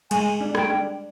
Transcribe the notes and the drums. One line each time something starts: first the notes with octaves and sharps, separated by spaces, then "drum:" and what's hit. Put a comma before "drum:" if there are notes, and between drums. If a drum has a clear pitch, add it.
G#3 G#5, drum: cymbal
D4
G5, drum: rim click
D4